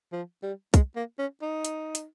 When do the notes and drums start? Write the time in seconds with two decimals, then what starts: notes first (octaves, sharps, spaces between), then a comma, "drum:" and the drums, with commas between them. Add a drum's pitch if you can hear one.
0.12 F3
0.43 G3
0.74 G#3, drum: kick, hi-hat
0.96 A#3
1.19 C#4
1.42 D#4
1.65 drum: hi-hat
1.95 drum: hi-hat